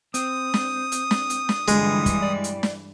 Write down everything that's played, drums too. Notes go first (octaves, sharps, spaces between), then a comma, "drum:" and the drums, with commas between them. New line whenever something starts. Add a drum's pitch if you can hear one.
C4 D#6, drum: hi-hat
drum: snare
drum: hi-hat
drum: snare
drum: hi-hat
drum: snare
G2 D3 E3 G3 G#3 F4 G#4, drum: hi-hat
drum: kick, hi-hat
D5
drum: hi-hat
drum: snare